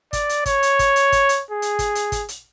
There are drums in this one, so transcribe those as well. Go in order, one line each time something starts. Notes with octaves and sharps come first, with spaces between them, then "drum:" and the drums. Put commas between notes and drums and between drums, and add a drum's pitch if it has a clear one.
D5, drum: kick, hi-hat
drum: hi-hat
C#5, drum: kick, hi-hat
drum: hi-hat
drum: kick, hi-hat
drum: hi-hat
drum: kick, hi-hat
drum: hi-hat
G#4
drum: hi-hat
drum: kick, hi-hat
drum: hi-hat
drum: kick, hi-hat
drum: hi-hat